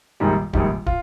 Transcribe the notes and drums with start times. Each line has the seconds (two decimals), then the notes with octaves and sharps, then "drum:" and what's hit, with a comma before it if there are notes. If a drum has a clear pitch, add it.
0.20 A#1 G#2 D#3 G3
0.53 A#1 G#2 D#3 G3, drum: kick
0.86 F4, drum: kick